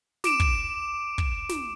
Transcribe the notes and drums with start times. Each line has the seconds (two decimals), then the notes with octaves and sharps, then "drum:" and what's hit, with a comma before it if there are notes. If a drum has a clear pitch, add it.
0.24 D6 D7 E7, drum: snare
0.40 drum: kick
1.18 drum: kick
1.49 drum: snare